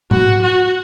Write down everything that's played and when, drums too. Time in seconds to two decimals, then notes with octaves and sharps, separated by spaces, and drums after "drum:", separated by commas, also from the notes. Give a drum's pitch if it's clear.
0.11 F#4, drum: tom G#2
0.42 F#4